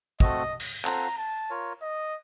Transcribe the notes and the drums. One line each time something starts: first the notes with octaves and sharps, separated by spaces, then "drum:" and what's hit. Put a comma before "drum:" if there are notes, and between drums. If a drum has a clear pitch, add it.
A3 C4 F#4 A4 D#5, drum: kick
drum: cymbal
C4 F4 A4 C5 F#5 A#5, drum: clap
A5
F4 A#4 C#5
D#5